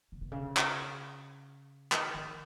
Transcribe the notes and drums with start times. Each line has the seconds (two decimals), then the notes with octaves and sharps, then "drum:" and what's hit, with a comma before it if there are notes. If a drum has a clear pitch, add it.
0.12 C#3
0.21 B2
0.32 C#3
0.57 drum: clap
1.92 D#3, drum: clap
2.14 D#3